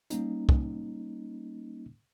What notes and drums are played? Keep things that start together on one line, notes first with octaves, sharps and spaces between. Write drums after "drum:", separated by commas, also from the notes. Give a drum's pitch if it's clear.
G3 A#3 C#4 D#4, drum: hi-hat
drum: kick